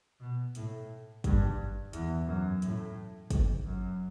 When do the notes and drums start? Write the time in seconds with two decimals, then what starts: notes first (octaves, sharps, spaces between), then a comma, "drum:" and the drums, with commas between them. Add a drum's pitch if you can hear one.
0.20 B2
0.55 A2, drum: hi-hat
1.24 G2, drum: kick, hi-hat
1.93 E2, drum: hi-hat
2.27 F#2
2.62 A2, drum: hi-hat
3.30 drum: kick, hi-hat
3.65 F#2